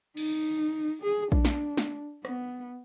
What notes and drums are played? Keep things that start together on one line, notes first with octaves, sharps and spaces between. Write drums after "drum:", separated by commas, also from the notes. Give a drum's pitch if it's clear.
D#4, drum: cymbal
G#4
D4, drum: kick A#1
drum: snare
drum: snare
B3, drum: rim click